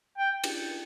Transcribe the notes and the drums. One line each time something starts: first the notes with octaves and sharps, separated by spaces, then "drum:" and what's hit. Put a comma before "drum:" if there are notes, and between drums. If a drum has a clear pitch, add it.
G5
drum: cymbal